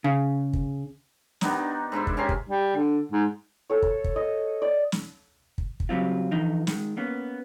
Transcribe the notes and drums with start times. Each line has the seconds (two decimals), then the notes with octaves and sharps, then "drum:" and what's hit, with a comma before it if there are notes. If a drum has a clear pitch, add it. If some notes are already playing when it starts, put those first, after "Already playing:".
0.04 C#3
0.53 drum: kick
1.41 D#3 B3 D4 D#4, drum: snare
1.92 G#2 D4 E4 C5
2.07 drum: kick
2.17 C#4 G4 A#4 C6
2.29 drum: kick
2.49 G3
2.76 D3
3.11 G#2
3.70 A4 C#5
3.82 drum: kick
4.04 drum: kick
4.16 D#5
4.62 D5
4.92 drum: snare
5.58 drum: kick
5.80 drum: kick
5.89 C#3 F#3 G3 C4 F4
6.31 D3 E3 F3 D#4
6.67 D#3 G#3, drum: snare
6.97 A#3 B3 C#4